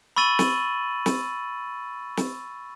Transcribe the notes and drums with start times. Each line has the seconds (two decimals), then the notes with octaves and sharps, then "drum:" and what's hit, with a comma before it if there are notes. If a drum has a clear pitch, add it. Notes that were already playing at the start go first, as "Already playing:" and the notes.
0.16 B5 C#6 E6 A6 D#7 F#7
0.39 drum: snare
1.06 drum: snare
2.17 drum: snare